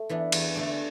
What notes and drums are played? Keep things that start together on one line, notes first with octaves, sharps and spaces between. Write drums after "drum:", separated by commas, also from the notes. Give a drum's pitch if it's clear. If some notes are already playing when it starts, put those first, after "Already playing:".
Already playing: A3
E3 B3 D4
E2, drum: cymbal
D3 A3 D4